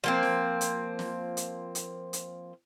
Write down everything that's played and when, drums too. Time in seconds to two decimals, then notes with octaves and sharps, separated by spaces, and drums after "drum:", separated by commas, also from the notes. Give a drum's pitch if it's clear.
0.04 F3 A#3 C4
0.23 drum: snare
0.61 drum: hi-hat
0.99 drum: snare
1.37 drum: hi-hat
1.75 drum: hi-hat
2.13 drum: hi-hat